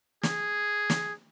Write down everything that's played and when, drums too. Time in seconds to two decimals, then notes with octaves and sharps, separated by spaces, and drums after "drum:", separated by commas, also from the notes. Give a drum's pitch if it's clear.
0.23 G#4, drum: snare
0.90 drum: snare